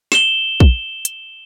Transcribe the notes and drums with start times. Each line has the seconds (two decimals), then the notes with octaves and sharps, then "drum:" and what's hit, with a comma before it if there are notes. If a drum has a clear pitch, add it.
0.12 E7 G7, drum: snare
0.60 drum: kick
1.05 drum: hi-hat